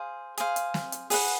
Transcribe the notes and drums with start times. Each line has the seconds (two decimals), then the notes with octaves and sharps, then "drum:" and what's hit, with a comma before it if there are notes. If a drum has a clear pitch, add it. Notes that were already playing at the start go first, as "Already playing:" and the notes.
Already playing: G#4 C5 F5
0.38 G#4 C5 F5, drum: hi-hat
0.56 drum: hi-hat
0.74 drum: snare
0.92 drum: hi-hat
1.10 G#4 B4 D5 F#5, drum: open hi-hat